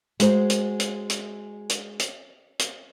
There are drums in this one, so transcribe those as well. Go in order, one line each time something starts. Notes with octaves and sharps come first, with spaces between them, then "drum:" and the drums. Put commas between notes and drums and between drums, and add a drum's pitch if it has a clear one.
G#3 F#4 C5, drum: hi-hat
drum: hi-hat
drum: hi-hat
drum: hi-hat
drum: hi-hat
drum: hi-hat
drum: hi-hat